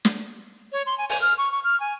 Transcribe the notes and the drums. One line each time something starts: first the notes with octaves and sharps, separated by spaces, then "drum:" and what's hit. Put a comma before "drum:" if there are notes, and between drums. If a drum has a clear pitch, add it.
drum: snare
C#5
C6
G#5
G#5, drum: open hi-hat
F6
C#6
C#6
F6
G#5